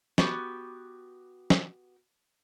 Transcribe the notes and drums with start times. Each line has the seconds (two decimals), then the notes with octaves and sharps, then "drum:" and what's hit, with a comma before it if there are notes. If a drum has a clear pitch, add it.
0.18 B3 F#4 G4, drum: snare
1.50 drum: snare